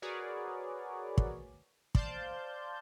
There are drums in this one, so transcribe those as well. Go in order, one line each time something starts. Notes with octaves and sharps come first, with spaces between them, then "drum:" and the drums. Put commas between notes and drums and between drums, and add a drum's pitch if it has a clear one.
F#4 G#4 A#4 B4 C#5 D5
drum: kick
C5 D5 F5 A5 G6, drum: kick